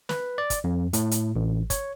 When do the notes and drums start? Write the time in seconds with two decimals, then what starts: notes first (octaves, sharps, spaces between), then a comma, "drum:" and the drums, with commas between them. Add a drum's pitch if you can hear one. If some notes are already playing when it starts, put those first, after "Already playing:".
0.09 B4, drum: snare
0.38 D5
0.50 drum: kick, hi-hat
0.64 F2
0.93 A2, drum: hi-hat
1.11 drum: hi-hat
1.36 A1
1.70 C#5, drum: kick, hi-hat